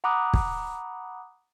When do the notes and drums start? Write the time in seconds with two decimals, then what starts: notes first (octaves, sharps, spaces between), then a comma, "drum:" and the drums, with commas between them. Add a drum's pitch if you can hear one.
0.04 F#5 A#5 B5 D6 D#6 F#6
0.34 drum: kick